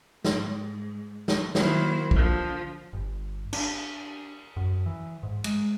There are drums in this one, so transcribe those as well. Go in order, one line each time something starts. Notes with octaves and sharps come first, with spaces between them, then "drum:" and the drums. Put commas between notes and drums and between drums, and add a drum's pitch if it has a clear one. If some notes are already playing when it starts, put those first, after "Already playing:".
G#2, drum: snare
drum: snare
D#3 F#3 A#3 E4 C5, drum: snare
D3 F3, drum: kick
G1
D4, drum: cymbal
F#2
E3
G#2
G#3, drum: cymbal